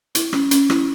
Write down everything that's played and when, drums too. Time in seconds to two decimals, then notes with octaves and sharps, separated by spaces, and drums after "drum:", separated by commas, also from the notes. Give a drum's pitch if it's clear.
0.15 E4, drum: hi-hat
0.33 C#4, drum: rim click
0.51 C#4, drum: hi-hat
0.70 E4, drum: rim click